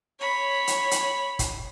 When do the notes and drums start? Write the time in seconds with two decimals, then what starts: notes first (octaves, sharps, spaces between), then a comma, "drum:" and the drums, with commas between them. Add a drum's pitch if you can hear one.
0.20 C#5 B5
0.67 drum: hi-hat
0.91 drum: hi-hat
1.39 drum: kick, hi-hat